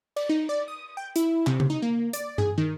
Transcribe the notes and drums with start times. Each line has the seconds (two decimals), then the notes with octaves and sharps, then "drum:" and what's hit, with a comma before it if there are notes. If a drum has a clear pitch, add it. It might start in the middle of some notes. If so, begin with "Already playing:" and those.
0.16 D5, drum: cymbal
0.29 D#4
0.49 D5
0.68 D#6
0.97 G5
1.16 E4, drum: hi-hat
1.47 C3, drum: clap
1.60 drum: tom C#3
1.70 D#4
1.82 A#3
2.13 D5, drum: hi-hat
2.38 G#4, drum: tom G2
2.58 D#3